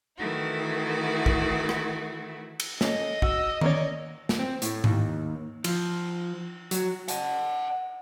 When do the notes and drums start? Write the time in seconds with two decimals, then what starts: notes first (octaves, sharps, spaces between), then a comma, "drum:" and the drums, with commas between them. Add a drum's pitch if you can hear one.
0.16 D#3 E3 A3 E4 F#4
1.26 drum: kick
1.69 drum: rim click
2.60 drum: cymbal
2.81 C#4 A4 D#5, drum: snare
3.22 F#4 E6, drum: kick
3.61 A#3 C#4 C#5 D5, drum: tom D#3
4.29 drum: snare
4.39 C4
4.62 A2, drum: hi-hat
4.84 D#2, drum: tom G#2
5.64 F3, drum: cymbal
6.71 F#3, drum: hi-hat
7.08 F#5 A5, drum: hi-hat